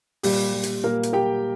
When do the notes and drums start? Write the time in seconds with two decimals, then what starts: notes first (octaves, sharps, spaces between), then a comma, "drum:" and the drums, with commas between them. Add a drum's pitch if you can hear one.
0.23 A#2 G3 G4, drum: open hi-hat
0.54 G3
0.63 drum: hi-hat
0.83 A#2 A#3 A#4
1.03 drum: hi-hat
1.13 A#3 G4 G5